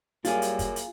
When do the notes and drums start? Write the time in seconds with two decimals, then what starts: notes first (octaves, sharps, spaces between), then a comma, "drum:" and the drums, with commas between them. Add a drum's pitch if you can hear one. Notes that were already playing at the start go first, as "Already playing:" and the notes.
0.25 F#2 F#3 G3 A#3 F4 G#4, drum: hi-hat
0.42 drum: hi-hat
0.59 drum: kick, hi-hat
0.76 drum: hi-hat